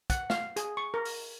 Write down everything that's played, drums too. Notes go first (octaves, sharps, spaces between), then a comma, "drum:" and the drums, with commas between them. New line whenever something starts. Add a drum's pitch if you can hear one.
F#5, drum: kick, hi-hat
F5, drum: snare
G#4, drum: hi-hat
C#6
A#4
drum: open hi-hat